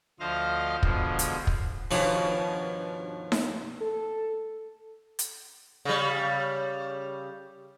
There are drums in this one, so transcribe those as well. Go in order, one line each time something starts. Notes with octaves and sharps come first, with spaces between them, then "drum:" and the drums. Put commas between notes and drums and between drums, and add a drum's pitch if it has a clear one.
D2 F3 C5 D#5 F5 F6
B2 D3 F3 G#3, drum: kick
drum: hi-hat
drum: kick
G2 B2 D#3 F3 C#5
drum: snare D#4
A4
drum: hi-hat
C#3 G3